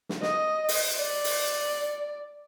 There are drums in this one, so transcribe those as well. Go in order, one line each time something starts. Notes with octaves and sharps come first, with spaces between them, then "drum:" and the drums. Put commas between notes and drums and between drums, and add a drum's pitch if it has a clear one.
drum: snare
D#5, drum: snare
drum: open hi-hat
D5
drum: open hi-hat